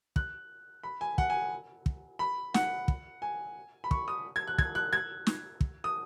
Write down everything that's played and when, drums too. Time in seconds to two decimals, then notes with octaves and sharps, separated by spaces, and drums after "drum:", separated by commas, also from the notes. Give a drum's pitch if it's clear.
0.16 F#6, drum: kick
0.83 B5
1.01 G#5
1.18 F#5, drum: kick
1.30 G#5
1.86 drum: kick
2.19 B5
2.54 F#5, drum: snare
2.88 drum: kick
3.22 G#5
3.84 B5
3.91 C#6, drum: kick
4.08 D#6
4.36 G#6
4.47 F#6
4.58 G#6, drum: kick
4.75 F#6
4.93 G#6
5.27 drum: snare
5.61 drum: kick
5.84 D#6